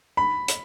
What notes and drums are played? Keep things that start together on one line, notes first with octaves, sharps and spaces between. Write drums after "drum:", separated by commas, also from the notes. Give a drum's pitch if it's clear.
B5
drum: hi-hat